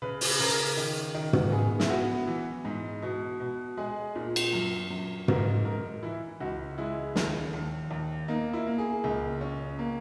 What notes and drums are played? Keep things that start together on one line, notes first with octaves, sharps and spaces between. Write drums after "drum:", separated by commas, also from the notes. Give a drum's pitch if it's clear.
C#3 B4
drum: open hi-hat
C#3 A#4
D#3
D#3
drum: tom
B3 G#4
E4, drum: snare
B3 F#4
E3
G#2
B2
B2
G#3 G#4
A#2
drum: cymbal
F#2
F#2
G#2 A#4, drum: tom
G#2 A#4
E3 E4
C#2 F#4
G#3 E4
D#2, drum: snare
D#2
D#2
A#3 D#4
E4
A#3
G#4
C#2
C#4
A#3